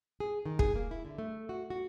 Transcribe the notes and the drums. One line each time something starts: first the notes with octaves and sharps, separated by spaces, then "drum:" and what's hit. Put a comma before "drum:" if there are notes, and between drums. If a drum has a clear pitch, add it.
G#4
D#3
G#4, drum: kick
A#3
E4
D3
A3
F#4
F#4